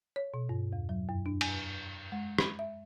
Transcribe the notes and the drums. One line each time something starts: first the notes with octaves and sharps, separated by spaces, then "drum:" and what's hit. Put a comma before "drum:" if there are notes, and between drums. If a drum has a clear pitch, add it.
C#5
B2
G2
E2
F#3
F#2
D4
G#5, drum: cymbal
G#3
B5, drum: rim click
E5